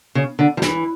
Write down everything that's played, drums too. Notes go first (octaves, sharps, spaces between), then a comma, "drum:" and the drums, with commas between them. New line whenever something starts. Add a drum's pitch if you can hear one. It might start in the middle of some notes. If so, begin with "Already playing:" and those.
C#3
D3
F3
E3, drum: snare